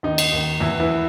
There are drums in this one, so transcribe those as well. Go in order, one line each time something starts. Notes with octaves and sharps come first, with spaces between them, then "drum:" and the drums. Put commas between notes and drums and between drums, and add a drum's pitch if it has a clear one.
D#2 D#4
drum: cymbal
D#2
E2 E3 E4
E3 E4